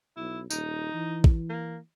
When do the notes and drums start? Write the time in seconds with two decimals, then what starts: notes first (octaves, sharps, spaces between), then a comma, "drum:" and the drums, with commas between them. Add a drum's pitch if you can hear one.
0.17 B1 E4
0.50 D#1 D#4, drum: tambourine
0.94 E3
1.24 drum: kick
1.50 A#3